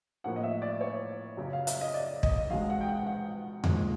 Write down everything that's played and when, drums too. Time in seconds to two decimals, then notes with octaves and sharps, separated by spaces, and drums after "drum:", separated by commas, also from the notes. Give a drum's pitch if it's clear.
0.24 A2 F3 A#3 F#5
0.36 D#5
0.43 E5
0.62 D5
0.81 C#5
1.37 F#2 C#3 F#3
1.53 F5
1.67 E5, drum: hi-hat
1.81 D#5
1.94 D5
2.23 D#5, drum: kick
2.50 E2 B2 G#3 F5
2.70 F#5
2.81 G5
2.89 F#5
3.06 F#5
3.64 A#2 F3 G#3, drum: tom E2